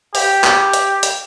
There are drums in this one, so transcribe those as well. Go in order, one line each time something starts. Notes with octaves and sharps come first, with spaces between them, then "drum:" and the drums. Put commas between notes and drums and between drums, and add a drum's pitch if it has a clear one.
G4, drum: open hi-hat
drum: clap
drum: hi-hat
drum: hi-hat